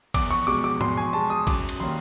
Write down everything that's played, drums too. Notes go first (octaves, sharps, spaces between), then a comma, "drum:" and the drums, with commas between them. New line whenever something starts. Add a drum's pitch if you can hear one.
E2 D6, drum: kick, cymbal
C#6
B2 G#3 D6
D6
E2 C6, drum: tom G#2
G#5
B2 G#3 A5
D#6
F#2 D6, drum: kick, cymbal
drum: cymbal
D#3 G3 A#3 C#4 C6